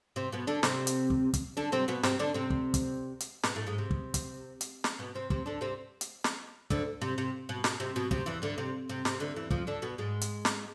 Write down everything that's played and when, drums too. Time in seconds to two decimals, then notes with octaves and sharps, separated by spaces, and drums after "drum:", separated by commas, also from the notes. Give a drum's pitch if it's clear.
0.16 C3 C4
0.32 B2 B3
0.47 D3 D4
0.63 C3 C4, drum: snare
0.87 drum: hi-hat
1.10 drum: kick
1.34 drum: kick, hi-hat
1.57 D3 D4
1.72 C3 C4
1.88 B2 B3
2.03 C3 C4, drum: snare
2.19 D3 D4
2.34 C3 C4
2.50 drum: kick
2.74 drum: kick, hi-hat
3.20 drum: hi-hat
3.43 B2 B3, drum: snare
3.55 A2 A3
3.67 G#2 G#3
3.78 C3
3.91 drum: kick
4.14 drum: kick, hi-hat
4.61 drum: hi-hat
4.84 drum: snare
4.99 B2 B3
5.15 C3 C4
5.30 C3 C4, drum: kick
5.46 D3 D4
5.61 C3 C4
6.01 drum: hi-hat
6.24 drum: snare
6.70 D2 D3, drum: kick
7.02 C3
7.18 C3
7.49 B2
7.64 B2, drum: snare
7.80 C3
7.96 B2
8.11 C3, drum: kick
8.26 E2 E3
8.42 D2 D3
8.58 C3
8.89 C3
9.05 C3, drum: snare
9.20 D2 D3
9.36 E2 E3
9.51 F2 F3, drum: kick
9.67 D3 D4
9.82 B2 B3
9.98 G#2 G#3
10.21 drum: hi-hat
10.45 drum: snare